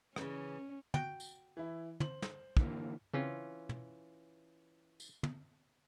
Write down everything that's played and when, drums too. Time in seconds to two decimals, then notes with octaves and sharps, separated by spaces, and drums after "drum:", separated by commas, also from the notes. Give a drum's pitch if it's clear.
0.16 C#3 E3 C#4, drum: rim click
0.94 F#4 G5, drum: tom
1.20 drum: tambourine
1.57 E3 E4
2.00 C5 F#7, drum: tom
2.22 drum: snare
2.57 D3 E3 A#3, drum: kick
3.14 C#3 E3 C4 C#4 F4
3.69 drum: tom
5.00 drum: tambourine
5.23 drum: tom